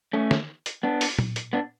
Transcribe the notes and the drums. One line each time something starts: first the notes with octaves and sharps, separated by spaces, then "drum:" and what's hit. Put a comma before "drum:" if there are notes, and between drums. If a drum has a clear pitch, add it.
A3 C#4
drum: snare
drum: hi-hat
B3 D4
drum: open hi-hat
drum: tom A#2
drum: hi-hat
B3 D4